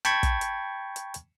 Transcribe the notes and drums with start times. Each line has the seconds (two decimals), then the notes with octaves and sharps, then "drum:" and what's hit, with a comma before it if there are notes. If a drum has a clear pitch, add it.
0.05 G5 A5 B5 C#6 G#6, drum: hi-hat
0.23 drum: kick, hi-hat
0.41 drum: hi-hat
0.96 drum: hi-hat
1.14 drum: hi-hat